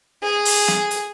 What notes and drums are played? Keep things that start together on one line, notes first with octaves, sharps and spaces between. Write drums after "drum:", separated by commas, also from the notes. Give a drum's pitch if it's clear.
G#4
drum: open hi-hat
drum: snare
drum: hi-hat